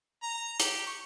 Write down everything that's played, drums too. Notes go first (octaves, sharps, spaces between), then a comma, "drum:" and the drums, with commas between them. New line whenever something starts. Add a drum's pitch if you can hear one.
A#5
G4, drum: hi-hat
C#6